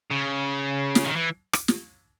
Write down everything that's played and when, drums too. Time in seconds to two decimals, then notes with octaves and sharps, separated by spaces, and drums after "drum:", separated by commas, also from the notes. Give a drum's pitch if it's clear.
0.11 C#3
0.95 drum: snare
1.05 D#3
1.16 E3
1.53 drum: rim click
1.68 drum: snare